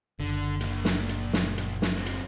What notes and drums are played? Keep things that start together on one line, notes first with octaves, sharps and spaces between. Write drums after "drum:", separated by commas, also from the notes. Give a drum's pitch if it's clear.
F#1 D3
A#2 D4, drum: hi-hat
drum: snare
drum: hi-hat
drum: snare
drum: hi-hat
drum: snare
F#3 C4
drum: hi-hat